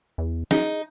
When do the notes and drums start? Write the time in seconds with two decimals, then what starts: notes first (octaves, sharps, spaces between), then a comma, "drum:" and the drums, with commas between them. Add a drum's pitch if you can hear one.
0.18 E2
0.51 D#4 G#4, drum: snare